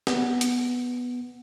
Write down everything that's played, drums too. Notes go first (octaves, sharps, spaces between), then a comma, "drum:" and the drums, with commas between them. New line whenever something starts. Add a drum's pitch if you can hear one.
B3, drum: snare
drum: hi-hat